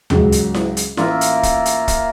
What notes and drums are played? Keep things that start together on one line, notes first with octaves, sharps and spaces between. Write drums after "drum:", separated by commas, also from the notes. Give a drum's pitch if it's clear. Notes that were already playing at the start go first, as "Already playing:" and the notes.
C#2 G#2 F#3, drum: tom D#2
drum: hi-hat
drum: snare E4
drum: hi-hat
A1 A#3 F4 E5, drum: snare E4
drum: hi-hat
drum: kick, hi-hat
drum: hi-hat
drum: kick, hi-hat